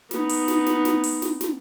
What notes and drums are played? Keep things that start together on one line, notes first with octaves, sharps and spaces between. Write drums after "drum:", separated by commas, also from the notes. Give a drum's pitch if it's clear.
B3 D#4, drum: snare
drum: open hi-hat
drum: snare
drum: snare
drum: snare
drum: open hi-hat
drum: snare
drum: snare